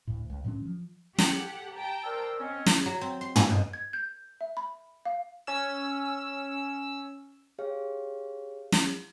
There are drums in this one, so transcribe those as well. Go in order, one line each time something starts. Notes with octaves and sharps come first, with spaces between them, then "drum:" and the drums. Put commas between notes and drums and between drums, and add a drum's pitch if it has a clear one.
D2 A2
C#2
A2 D3 F#3 C#4
F3
G4 A4 F#5, drum: snare
G5 A5 A#5
A#4 C5 D5 E6
C4 C#4 D#5
drum: snare
F#3
C4
C6
G#5, drum: tom
B2
G#6
G6
E5
B5
F5
C#4 E6
G4 G#4 C#5 F5
drum: snare